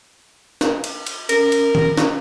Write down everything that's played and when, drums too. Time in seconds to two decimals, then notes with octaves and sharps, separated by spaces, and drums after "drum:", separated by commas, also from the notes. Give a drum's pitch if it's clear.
0.61 drum: snare
0.84 drum: cymbal
1.07 drum: cymbal
1.29 C#4 A#4, drum: cymbal
1.52 drum: cymbal
1.75 drum: tom D#3
1.98 drum: snare